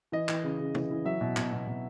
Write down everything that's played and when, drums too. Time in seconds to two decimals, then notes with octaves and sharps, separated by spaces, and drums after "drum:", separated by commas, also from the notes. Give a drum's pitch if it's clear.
0.12 E3 D#5
0.29 E3, drum: clap
0.44 C#3
0.60 C#3
0.75 E3, drum: tom
0.91 E3
1.05 F#3 E5
1.21 B2
1.37 B2, drum: clap
1.52 B2
1.67 B2